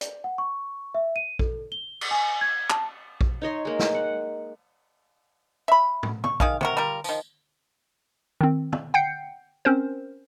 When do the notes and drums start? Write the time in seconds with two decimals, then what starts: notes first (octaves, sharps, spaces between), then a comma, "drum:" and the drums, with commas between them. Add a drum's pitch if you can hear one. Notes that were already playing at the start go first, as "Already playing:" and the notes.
0.01 D5, drum: hi-hat
0.24 F#5
0.38 C#6
0.95 E5
1.16 D#7
1.39 A4, drum: kick A#1
1.72 G7
2.01 drum: cymbal
2.11 G#5
2.41 G#6
2.70 A5, drum: clap
3.21 drum: kick A#1
3.42 D#4 C#5 D#5 C6
3.65 G#3 A#3
3.79 drum: snare
3.94 F#5
5.68 E5 B5
6.03 drum: tom
6.24 C#6, drum: tom
6.40 D#3 G#4 F5, drum: kick A#1
6.61 C3 F#4 A#4, drum: tom
6.77 G3 F4 A#4
7.04 D#3 F3, drum: tambourine
8.41 D#3 C4
8.73 drum: tom
8.94 F#5 G5 G6 C7 C#7
9.65 C4 C#4 A#4 C5